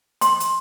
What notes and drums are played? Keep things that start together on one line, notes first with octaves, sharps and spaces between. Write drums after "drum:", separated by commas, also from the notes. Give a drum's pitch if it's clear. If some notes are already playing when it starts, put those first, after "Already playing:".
C6, drum: hi-hat
drum: hi-hat